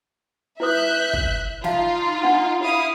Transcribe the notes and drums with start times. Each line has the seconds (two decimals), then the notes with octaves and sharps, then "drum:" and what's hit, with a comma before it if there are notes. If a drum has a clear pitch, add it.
0.60 E4 B4 E5 D#6 F#6 G6
1.13 drum: kick
1.64 D#4 F4 E5 F5 A5, drum: snare
2.22 D4 F#5 C6
2.61 E4 F5 D#6